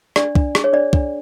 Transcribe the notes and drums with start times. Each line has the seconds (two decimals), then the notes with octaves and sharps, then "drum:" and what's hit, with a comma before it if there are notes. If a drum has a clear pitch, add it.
0.16 D4 D5, drum: rim click
0.35 D4, drum: kick
0.55 G#4, drum: rim click
0.64 C#5
0.73 D4 D5
0.93 D4, drum: kick